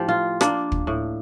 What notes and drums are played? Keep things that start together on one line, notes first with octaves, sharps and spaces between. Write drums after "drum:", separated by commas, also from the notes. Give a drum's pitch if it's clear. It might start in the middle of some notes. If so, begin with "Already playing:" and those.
Already playing: A2 F3 G4
F4
A#3 D4, drum: rim click
drum: kick
A2